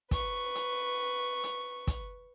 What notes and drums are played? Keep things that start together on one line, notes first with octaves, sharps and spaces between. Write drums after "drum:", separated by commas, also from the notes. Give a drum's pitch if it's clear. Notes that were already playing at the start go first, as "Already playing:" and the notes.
B4 C#6, drum: kick, hi-hat
drum: hi-hat
drum: hi-hat
drum: kick, hi-hat